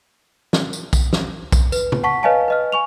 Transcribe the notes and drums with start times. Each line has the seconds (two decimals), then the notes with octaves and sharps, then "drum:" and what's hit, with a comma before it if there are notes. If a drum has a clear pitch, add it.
0.53 drum: snare
0.73 drum: tambourine
0.93 drum: kick, tambourine
1.13 drum: snare
1.52 drum: kick, tambourine
1.72 B4, drum: tambourine
1.92 drum: tom
2.04 F#5 A5 C#6 B6
2.23 B4 C#5 D#5 F5 G#5 A5
2.48 B4 D#5 F6
2.72 G#5 C#6 F7